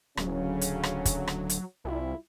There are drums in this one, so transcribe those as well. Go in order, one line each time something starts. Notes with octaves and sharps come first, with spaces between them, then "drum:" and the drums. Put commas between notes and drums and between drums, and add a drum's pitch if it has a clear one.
D1 C#3 F#3 C#4, drum: rim click
drum: hi-hat
drum: rim click
drum: kick, hi-hat
drum: rim click
drum: hi-hat
C2 G3 E4 F4